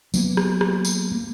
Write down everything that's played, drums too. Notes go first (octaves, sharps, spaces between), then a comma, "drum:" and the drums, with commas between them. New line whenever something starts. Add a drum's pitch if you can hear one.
F#3 A#3 B3, drum: tambourine
drum: rim click
drum: rim click
drum: tambourine
A#3